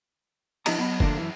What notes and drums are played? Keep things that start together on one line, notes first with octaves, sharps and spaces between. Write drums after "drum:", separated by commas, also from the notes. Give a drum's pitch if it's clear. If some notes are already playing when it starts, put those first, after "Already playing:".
F3 D4 E4 G4 D#5 A#5, drum: cymbal
F#3 B3 D#5 B5
D3 F3 A3 A#3 D4, drum: kick
F#2 E3